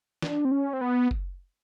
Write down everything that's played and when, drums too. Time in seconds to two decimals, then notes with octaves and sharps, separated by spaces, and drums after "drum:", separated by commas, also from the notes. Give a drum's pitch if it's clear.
0.22 D4, drum: snare
0.45 C4
0.51 C#4
0.73 C4
0.81 B3
1.11 drum: kick F#1